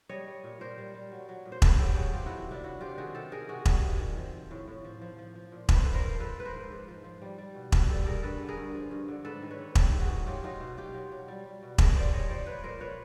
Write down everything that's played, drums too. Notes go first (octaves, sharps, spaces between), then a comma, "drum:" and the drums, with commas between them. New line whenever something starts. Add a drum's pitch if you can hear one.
G3 C#5 D#5
G3
A#2
A#2 A#4 C5
G3
G3
F#3
F#3
A#2
C5
A#2 A4 B4, drum: kick E1
F#3 G4 A4
F#3 F#4 G#4
C3 F4 G4
D#3 E4 F#4
C3 D4 E4
F#3 E4 F#4
C3 F4 G4
D#3 F#4 G#4
C3 G4 A4
D#3 G#4 A#4
C3 F#4 G#4
G3 F#4 G#4, drum: kick E1
C3
D#3
F3
F3
A2
A2
F3
F3
F3
F3
A#2
A#2 B4, drum: kick E1
C5
F3 A4 B4
A#4 C5
F3
F3 A4 B4
F3 B4
A#4 C5
G#2
G#2
F3
F3
G3
G3
B2
B2, drum: kick E1
G3 G4 A4
G3 G#4 A#4
G2 A4 B4
D3
G#4 A#4
G2
F3
G2
D3
G#2 A4 B4
D#3
B4 C#5
G#2
G3 G4 A4, drum: kick E1
G#2
F#4 G#4
D#3
F#3 F4 G4
F#3 D#4 F4
B2
B2 F4 G4
F#3
F#3
G3
G3
B2
B2 G#4 A#4, drum: kick E1
G3 C5 D5
G3 C#5 D#5
F3 C5 D5
F3 B4 C#5
A#2 A#4 C5
A#2 B4 C#5